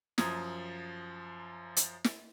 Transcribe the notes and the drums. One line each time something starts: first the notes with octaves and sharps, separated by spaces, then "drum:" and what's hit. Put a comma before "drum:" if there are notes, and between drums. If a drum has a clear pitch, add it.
F#2 F3 A#5 D#6 G#6, drum: snare
drum: hi-hat
drum: snare